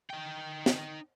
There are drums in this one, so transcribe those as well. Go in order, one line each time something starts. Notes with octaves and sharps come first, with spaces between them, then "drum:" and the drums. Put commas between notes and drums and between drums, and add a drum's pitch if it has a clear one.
D#4 G5
drum: snare